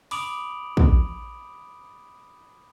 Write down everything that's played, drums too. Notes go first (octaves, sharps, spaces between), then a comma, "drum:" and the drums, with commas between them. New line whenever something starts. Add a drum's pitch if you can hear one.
B5 D6 D#6 D7 F7 F#7, drum: open hi-hat
drum: kick